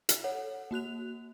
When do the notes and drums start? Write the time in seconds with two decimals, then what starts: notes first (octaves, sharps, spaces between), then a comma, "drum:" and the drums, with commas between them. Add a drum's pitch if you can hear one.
0.09 drum: hi-hat
0.24 A4 C#5 F#5
0.71 A#3 F#4 F#6 F7